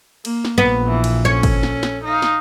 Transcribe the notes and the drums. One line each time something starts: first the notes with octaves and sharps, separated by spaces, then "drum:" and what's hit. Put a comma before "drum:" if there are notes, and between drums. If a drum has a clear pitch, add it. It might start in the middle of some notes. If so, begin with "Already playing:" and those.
A#3, drum: cymbal
drum: snare
A#1 B3
E3
drum: cymbal
C#4 A4 C#5
drum: kick, cymbal
drum: snare
drum: snare
D#4 F5
drum: snare